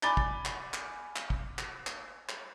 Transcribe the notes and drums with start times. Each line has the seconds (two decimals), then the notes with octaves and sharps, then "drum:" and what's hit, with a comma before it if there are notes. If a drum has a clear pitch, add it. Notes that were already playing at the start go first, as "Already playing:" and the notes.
0.03 G#5 B5 D6 A6 G7, drum: clap
0.17 drum: kick
0.45 drum: clap
0.74 drum: clap
1.16 drum: clap
1.30 drum: kick
1.59 drum: clap
1.87 drum: clap
2.29 drum: clap